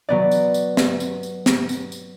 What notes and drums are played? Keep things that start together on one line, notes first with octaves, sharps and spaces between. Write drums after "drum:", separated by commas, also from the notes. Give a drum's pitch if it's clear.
F#3 B3 D5
drum: tambourine
drum: tambourine
drum: snare
drum: tambourine
drum: tambourine
drum: snare
drum: tambourine
drum: tambourine